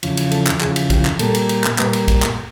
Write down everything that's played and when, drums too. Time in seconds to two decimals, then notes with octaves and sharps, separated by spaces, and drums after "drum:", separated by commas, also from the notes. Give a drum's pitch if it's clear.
0.03 E2 C#3 F3, drum: cymbal
0.17 drum: cymbal
0.31 A4, drum: cymbal
0.47 drum: clap
0.61 E2 C#3 F3 G#4, drum: clap
0.76 drum: cymbal
0.90 G4, drum: kick, cymbal
1.05 drum: clap
1.19 A#2 G3 A#3 A4, drum: cymbal
1.35 drum: cymbal
1.49 drum: cymbal
1.64 drum: clap
1.78 A#2 G3 A#3 B4, drum: clap
1.93 drum: cymbal
2.08 drum: kick, cymbal
2.22 drum: clap